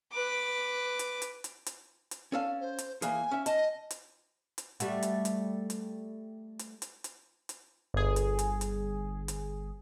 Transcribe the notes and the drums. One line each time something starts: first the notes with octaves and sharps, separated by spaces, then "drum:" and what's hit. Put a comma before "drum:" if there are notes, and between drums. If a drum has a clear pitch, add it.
B4 D6
drum: hi-hat
drum: hi-hat
drum: hi-hat
drum: hi-hat
drum: hi-hat
C#4 A4 F5
C5
drum: hi-hat
E3 A#3 G#4 G#5, drum: hi-hat
C#4 E5
D#5 A5, drum: hi-hat
drum: hi-hat
drum: hi-hat
G3 A3 F#4, drum: hi-hat
drum: hi-hat
drum: hi-hat
drum: hi-hat
drum: hi-hat
drum: hi-hat
drum: hi-hat
drum: hi-hat
G1 G#4
drum: hi-hat
drum: hi-hat
drum: hi-hat
drum: hi-hat